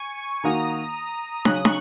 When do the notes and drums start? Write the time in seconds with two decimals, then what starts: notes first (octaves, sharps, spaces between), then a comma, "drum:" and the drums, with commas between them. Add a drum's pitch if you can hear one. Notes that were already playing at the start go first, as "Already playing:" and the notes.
Already playing: G#5 C#6
0.44 D#3 A#3 F#4 A#5 D#6
1.45 C#3 F#3 C#4 F#6, drum: snare
1.55 D#6
1.65 C#6 F#6, drum: snare